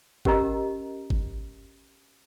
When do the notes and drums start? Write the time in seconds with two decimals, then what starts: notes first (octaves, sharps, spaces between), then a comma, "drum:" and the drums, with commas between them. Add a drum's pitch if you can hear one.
0.25 C#4 G4 A#4 D#5 A#5, drum: kick G1
1.10 drum: kick G1